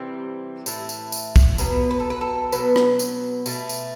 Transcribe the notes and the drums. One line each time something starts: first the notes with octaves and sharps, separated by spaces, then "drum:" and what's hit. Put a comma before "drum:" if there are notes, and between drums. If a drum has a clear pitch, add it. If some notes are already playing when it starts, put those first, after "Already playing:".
Already playing: C3 E3 G3 C4
A2 E3 A3, drum: tambourine
drum: tambourine
drum: tambourine
drum: kick, tambourine
B2 F#3 B3 B4, drum: tambourine
B4
A4
B4
A4
B2 F#3 B3 B4, drum: tambourine
drum: rim click
drum: tambourine
B2 A3, drum: tambourine
drum: tambourine